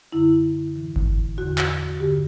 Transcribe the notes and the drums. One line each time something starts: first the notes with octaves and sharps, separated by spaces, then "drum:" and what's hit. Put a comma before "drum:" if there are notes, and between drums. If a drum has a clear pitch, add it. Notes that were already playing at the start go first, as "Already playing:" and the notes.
F#2 D3 E4
A2 E3
drum: kick G1
E2 D3 F#4
drum: clap
G2 D3 G4